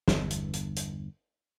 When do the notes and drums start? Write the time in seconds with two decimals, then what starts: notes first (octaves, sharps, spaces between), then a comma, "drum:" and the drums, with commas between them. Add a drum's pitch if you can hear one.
0.08 G1 E2 G2, drum: snare
0.31 drum: hi-hat
0.54 drum: hi-hat
0.76 drum: hi-hat